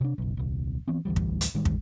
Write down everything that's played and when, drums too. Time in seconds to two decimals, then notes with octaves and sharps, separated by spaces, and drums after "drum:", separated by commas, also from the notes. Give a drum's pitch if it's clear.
0.01 C3 D4
0.18 F#1 B1
0.37 D#1 C2
0.88 E3 B3 C4
1.05 A1 D2 E3 G3
1.16 drum: kick
1.41 drum: hi-hat
1.54 A1 D#3 G3 G#3
1.65 drum: kick